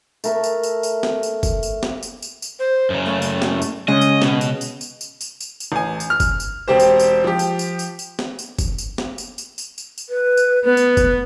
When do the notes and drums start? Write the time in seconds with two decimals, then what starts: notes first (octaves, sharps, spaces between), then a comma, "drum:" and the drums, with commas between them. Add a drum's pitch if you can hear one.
0.24 A3 A#4 E5, drum: tambourine
0.44 drum: tambourine
0.63 drum: tambourine
0.83 drum: tambourine
1.03 drum: snare
1.23 drum: tambourine
1.43 drum: kick F#1, tambourine
1.63 drum: tambourine
1.83 drum: snare
2.03 drum: tambourine
2.22 drum: tambourine
2.42 drum: tambourine
2.59 C5
2.90 F#2 C#3
3.06 A3
3.22 drum: tambourine
3.42 drum: snare
3.62 drum: tambourine
3.88 C#3 G#3 C#4 D#5
4.01 drum: tambourine
4.22 B2, drum: snare
4.41 drum: tambourine
4.61 drum: tambourine
4.81 drum: tambourine
5.01 drum: tambourine
5.21 drum: tambourine
5.40 drum: tambourine
5.60 drum: tambourine
5.72 A1 G#5
6.00 drum: tambourine
6.10 F6
6.20 drum: kick F#1, tambourine
6.40 drum: tambourine
6.68 E1 C4 G4 C5
6.80 drum: tambourine
7.00 drum: tambourine
7.24 F3 G4
7.39 drum: tambourine
7.59 drum: tambourine
7.79 drum: tambourine
7.99 drum: tambourine
8.19 drum: snare
8.39 drum: tambourine
8.59 drum: kick F#1, tambourine
8.78 drum: tambourine
8.98 drum: snare
9.18 drum: tambourine
9.38 drum: tambourine
9.58 drum: tambourine
9.78 drum: tambourine
9.98 drum: tambourine
10.09 B4
10.37 drum: tambourine
10.65 B3 B4
10.77 drum: tambourine
10.97 drum: kick F#1, tambourine